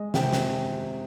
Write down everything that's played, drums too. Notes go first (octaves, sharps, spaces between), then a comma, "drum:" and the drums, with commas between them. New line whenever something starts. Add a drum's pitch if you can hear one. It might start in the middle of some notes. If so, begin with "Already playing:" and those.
Already playing: G#3 D#5
C3 G5, drum: snare
drum: snare